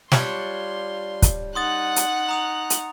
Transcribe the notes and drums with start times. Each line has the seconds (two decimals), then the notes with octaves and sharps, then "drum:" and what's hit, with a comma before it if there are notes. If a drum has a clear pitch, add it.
0.12 G3 D4 F4 C#5 C6, drum: snare
1.22 drum: kick, hi-hat
1.55 D#4 F#5 C6 D#6 F#6 A6
1.96 drum: hi-hat
2.29 A#5 D#6 F7
2.70 drum: hi-hat